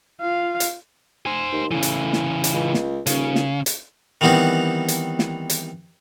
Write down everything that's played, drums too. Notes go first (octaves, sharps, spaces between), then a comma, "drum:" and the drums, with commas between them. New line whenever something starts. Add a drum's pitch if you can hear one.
F4 F5
drum: hi-hat
C5 G#5
D#2
A2 C#3 E3
drum: hi-hat
drum: snare
drum: hi-hat
C#2
drum: snare
D#1 C#3, drum: hi-hat
drum: snare
drum: hi-hat
D#3 E3 G3 B3 C4 D#4
drum: hi-hat
drum: snare
drum: hi-hat